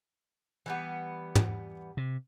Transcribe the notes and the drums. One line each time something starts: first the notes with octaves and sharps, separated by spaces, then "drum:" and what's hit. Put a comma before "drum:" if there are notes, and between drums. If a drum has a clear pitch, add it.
E3 G3 B3
drum: tom
C3